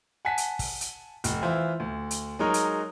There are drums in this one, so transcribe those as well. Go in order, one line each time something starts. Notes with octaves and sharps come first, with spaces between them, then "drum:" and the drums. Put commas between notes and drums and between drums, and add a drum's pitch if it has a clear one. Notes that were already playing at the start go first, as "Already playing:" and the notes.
F#5 G#5 A5 B6
drum: hi-hat
drum: kick, open hi-hat
drum: hi-hat
F1, drum: hi-hat
E3 E4 F4 C5
D2
drum: hi-hat
F#3 G#3 D#4 A#4 C#5 D#5
drum: hi-hat